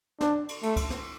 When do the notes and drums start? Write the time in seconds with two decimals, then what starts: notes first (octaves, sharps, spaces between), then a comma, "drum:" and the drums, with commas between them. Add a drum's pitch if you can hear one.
0.21 D4, drum: snare
0.49 drum: cymbal
0.63 A3, drum: cymbal
0.76 drum: kick, cymbal
0.90 drum: snare